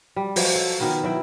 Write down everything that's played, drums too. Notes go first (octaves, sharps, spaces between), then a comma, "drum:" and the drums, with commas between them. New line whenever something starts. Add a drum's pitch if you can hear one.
G3
F3 F#3, drum: open hi-hat
A4
B2 D#3 B3 A#4
F#3 E4 G5